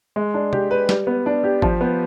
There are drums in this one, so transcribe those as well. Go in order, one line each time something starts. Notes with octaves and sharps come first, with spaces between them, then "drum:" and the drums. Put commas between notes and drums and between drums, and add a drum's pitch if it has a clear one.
G#3
D4
G4, drum: tom
B4
G3, drum: snare
B3
D4
G4
F3, drum: kick G#1
B3